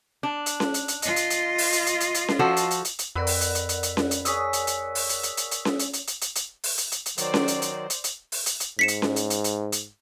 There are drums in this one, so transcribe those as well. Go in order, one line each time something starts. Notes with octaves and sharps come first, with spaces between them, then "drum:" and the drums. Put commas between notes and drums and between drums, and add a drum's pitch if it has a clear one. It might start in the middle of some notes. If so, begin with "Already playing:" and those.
D4
drum: hi-hat
drum: snare C#4
drum: hi-hat
drum: hi-hat
F4 D#5, drum: hi-hat
drum: hi-hat
drum: hi-hat
drum: open hi-hat
drum: hi-hat
drum: hi-hat
drum: hi-hat
drum: hi-hat
drum: snare C#4
F3 F#4 A4
drum: hi-hat
drum: hi-hat
drum: hi-hat
drum: hi-hat
F2 A#4 B4 D5 F#5 E6
drum: open hi-hat
drum: hi-hat
drum: hi-hat
drum: hi-hat
drum: hi-hat
drum: snare C#4
drum: hi-hat
G#4 C#5 D#6 E6 B6, drum: hi-hat
drum: hi-hat
drum: hi-hat
drum: open hi-hat
drum: hi-hat
drum: hi-hat
drum: hi-hat
drum: hi-hat
drum: snare C#4
drum: hi-hat
drum: hi-hat
drum: hi-hat
drum: hi-hat
drum: hi-hat
drum: open hi-hat
drum: hi-hat
drum: hi-hat
drum: hi-hat
D#3 F#3 C5 D5, drum: hi-hat
drum: snare C#4
drum: hi-hat
drum: hi-hat
drum: hi-hat
drum: hi-hat
drum: open hi-hat
drum: hi-hat
drum: hi-hat
G#2 B6 C#7 E7
drum: hi-hat
drum: snare C#4
drum: hi-hat
drum: hi-hat
drum: hi-hat
drum: hi-hat